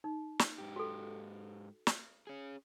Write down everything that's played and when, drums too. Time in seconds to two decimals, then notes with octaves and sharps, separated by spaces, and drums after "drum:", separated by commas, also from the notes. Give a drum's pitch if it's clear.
0.04 D#4
0.39 drum: snare
0.58 G#2 G4
0.76 F#4 A4
1.87 drum: snare
2.27 C#4 G#4